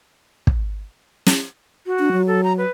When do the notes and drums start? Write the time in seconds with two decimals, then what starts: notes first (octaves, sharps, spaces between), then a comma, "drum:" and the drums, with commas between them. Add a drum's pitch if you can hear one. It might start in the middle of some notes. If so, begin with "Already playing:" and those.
0.47 drum: kick
1.26 drum: snare
1.86 F#4
1.99 D4
2.12 F#3
2.27 A4
2.44 A#5
2.58 B4